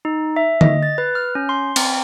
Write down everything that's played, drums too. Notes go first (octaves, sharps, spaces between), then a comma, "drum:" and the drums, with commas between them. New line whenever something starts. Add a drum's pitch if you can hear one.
D#4
E5
D#5, drum: tom D3
A6
B4
F6
C#4
C6
C4, drum: cymbal